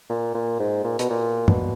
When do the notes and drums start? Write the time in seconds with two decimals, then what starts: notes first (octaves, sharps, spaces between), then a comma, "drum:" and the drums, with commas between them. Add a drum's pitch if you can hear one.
0.09 A#2
0.34 A#2
0.60 G#2
0.84 A#2
0.99 B2, drum: hi-hat
1.10 A#2
1.48 B2, drum: tom